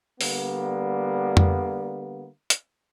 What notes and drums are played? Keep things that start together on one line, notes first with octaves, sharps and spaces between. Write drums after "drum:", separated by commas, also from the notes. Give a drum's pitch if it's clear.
D3 G3 A#3 B3, drum: open hi-hat
drum: tom F2
drum: hi-hat